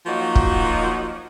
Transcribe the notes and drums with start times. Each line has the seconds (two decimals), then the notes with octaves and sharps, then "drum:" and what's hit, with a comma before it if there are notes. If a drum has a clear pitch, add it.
0.06 F3 F#3 A#3 D#4 F#4
0.36 drum: kick